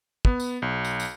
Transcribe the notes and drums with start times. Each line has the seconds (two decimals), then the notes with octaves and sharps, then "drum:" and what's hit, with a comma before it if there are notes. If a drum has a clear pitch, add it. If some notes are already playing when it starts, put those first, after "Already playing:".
0.25 B3, drum: kick
0.40 drum: tambourine
0.62 B1
0.85 drum: tambourine
0.99 drum: tambourine